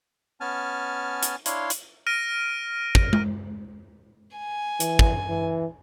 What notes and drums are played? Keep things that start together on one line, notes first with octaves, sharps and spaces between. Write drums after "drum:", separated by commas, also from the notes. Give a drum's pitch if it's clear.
B3 C#4 G#5 A5 F6
drum: hi-hat
D4 E4 C#5 F5 C6, drum: hi-hat
drum: hi-hat
F6 A#6 D7 D#7
drum: kick
drum: tom G#3
G#5
E3, drum: hi-hat
drum: kick
E3